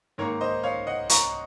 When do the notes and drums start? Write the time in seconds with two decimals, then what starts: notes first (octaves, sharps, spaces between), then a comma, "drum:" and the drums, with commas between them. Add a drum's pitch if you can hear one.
0.18 G#2 D#3 A#3 A#4 C#5
0.41 C5 D#5
0.63 C#5 F5
0.87 D#5 F#5
1.09 A#5 C#6, drum: hi-hat